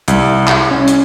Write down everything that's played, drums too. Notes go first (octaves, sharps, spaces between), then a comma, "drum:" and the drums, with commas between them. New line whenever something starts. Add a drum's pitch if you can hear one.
C2, drum: hi-hat
drum: clap
C#4
drum: hi-hat